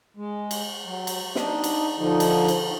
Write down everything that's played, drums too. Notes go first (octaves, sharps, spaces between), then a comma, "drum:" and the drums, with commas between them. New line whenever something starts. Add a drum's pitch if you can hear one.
G#3
drum: cymbal
F#3
drum: cymbal
D4 D#4, drum: snare
drum: cymbal
D3 F3 D#4
drum: cymbal
drum: cymbal